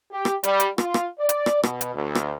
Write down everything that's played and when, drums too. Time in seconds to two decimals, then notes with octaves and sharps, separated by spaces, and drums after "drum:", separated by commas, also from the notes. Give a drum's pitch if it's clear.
0.12 G4
0.25 drum: rim click
0.44 G3, drum: hi-hat
0.60 drum: hi-hat
0.78 F4, drum: rim click
0.94 drum: rim click
1.19 D5
1.29 drum: hi-hat
1.46 drum: rim click
1.63 B2, drum: rim click
1.81 drum: hi-hat
1.95 D2
2.15 drum: rim click